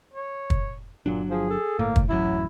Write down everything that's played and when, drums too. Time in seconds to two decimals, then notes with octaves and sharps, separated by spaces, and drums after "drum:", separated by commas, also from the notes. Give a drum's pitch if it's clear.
0.14 C#5
0.50 drum: kick
1.06 G1 A#2 F#3 D4
1.30 F3 G#4
1.50 A4
1.79 G1 A2 A#3
1.96 drum: kick
2.09 D1 A1 F#2 F#3 E4